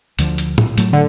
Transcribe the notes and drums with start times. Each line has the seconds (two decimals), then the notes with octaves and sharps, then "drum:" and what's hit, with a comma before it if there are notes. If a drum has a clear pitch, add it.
0.19 D2 D3 F3, drum: hi-hat
0.38 drum: hi-hat
0.58 drum: tom
0.78 A2 F#3 A3, drum: hi-hat
0.93 D3